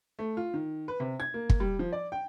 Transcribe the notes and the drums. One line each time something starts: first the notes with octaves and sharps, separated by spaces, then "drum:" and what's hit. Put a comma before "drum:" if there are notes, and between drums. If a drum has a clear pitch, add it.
A3
F4
D#3
B4
C3
G#6
A#3
drum: kick
G3
F3
D5
G5